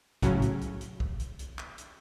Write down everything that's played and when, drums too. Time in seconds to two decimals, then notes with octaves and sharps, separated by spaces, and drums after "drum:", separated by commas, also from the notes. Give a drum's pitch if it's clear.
0.22 A2 C#3 F#3 C#4, drum: kick, hi-hat
0.42 drum: hi-hat
0.61 drum: hi-hat
0.81 drum: hi-hat
1.00 drum: kick
1.20 drum: hi-hat
1.39 drum: hi-hat
1.58 drum: clap
1.78 drum: hi-hat